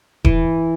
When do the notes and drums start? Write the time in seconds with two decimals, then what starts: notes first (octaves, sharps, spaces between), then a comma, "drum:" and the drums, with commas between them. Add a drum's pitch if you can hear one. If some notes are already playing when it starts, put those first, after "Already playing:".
0.25 E3, drum: kick D#1